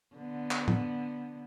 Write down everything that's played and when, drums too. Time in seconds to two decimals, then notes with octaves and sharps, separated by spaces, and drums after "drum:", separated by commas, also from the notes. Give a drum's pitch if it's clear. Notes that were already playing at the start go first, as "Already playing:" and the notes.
0.16 D3 B3
0.51 drum: clap
0.68 drum: tom